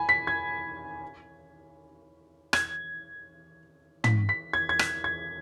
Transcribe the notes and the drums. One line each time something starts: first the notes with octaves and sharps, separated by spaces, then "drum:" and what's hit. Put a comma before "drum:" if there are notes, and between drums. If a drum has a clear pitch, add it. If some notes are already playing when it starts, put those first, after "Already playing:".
Already playing: G#5 B5
B6
G#6
G#6, drum: rim click
B6, drum: tom
B6
G#6
G#6
B6, drum: rim click
G#6